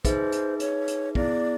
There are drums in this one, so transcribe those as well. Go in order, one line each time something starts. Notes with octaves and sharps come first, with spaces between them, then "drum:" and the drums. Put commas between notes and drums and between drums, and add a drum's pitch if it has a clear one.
D#4 G#4 B4 C5 E5, drum: kick, hi-hat
drum: hi-hat
C#5, drum: hi-hat
drum: hi-hat
B3 E4 G#4 D5, drum: kick